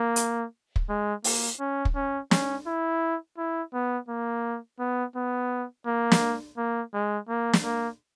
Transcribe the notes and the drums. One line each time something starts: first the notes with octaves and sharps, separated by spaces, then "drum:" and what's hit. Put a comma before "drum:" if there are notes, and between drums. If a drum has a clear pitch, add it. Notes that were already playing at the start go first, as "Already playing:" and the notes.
Already playing: A#3
drum: hi-hat
drum: kick
G#3
A#3, drum: open hi-hat
C#4
drum: kick
C#4
C#4, drum: snare
E4
E4
B3
A#3
B3
B3
A#3
drum: snare
A#3
G#3
A#3
drum: snare
A#3